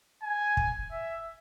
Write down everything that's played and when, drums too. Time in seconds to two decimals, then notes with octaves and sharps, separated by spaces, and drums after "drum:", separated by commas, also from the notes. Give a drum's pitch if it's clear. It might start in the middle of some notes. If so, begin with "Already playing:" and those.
0.23 G#5
0.57 drum: kick
0.92 E5